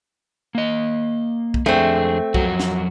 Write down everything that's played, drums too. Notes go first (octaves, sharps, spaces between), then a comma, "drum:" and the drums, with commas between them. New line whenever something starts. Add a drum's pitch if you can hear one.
A#3 D#5
drum: kick B1
F2 A3 C4 D4 G#4
F2 F#3 F#4, drum: kick B1
drum: snare